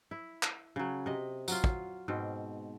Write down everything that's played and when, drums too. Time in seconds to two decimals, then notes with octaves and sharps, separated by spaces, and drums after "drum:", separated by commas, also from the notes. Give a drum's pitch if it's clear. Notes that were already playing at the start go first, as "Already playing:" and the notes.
0.11 E4
0.43 drum: clap
0.76 C#3 F#3
1.06 C3 D#5
1.48 F#3 F4, drum: tambourine
1.64 drum: kick
2.08 G#2 B2 C4